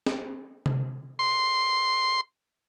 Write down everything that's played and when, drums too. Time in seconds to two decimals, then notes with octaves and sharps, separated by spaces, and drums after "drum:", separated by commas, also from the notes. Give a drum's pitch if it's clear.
0.06 drum: snare
0.66 drum: tom C3
1.19 C6